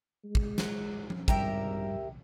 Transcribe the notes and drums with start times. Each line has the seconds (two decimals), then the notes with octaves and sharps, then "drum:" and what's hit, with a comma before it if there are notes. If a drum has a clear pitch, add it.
0.24 G#3
0.35 drum: kick
0.58 F#3, drum: snare
1.10 drum: tom F3
1.28 G#1 G2 G4 A#4 E5, drum: kick